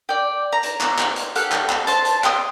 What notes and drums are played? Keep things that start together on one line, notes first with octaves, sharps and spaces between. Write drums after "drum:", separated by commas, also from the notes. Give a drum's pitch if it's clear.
D5 G5
A#5
drum: hi-hat
drum: clap
drum: clap
drum: hi-hat
G4 A4 F5 F#5, drum: hi-hat
drum: clap
drum: clap
C5 A5, drum: hi-hat
drum: hi-hat
G5 C6 D#6, drum: clap